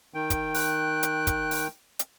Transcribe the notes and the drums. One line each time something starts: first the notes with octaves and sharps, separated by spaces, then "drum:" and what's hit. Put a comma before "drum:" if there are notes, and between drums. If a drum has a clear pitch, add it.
D#3 G5
drum: kick, hi-hat
F#6, drum: open hi-hat
drum: hi-hat
drum: kick, hi-hat
drum: open hi-hat
drum: hi-hat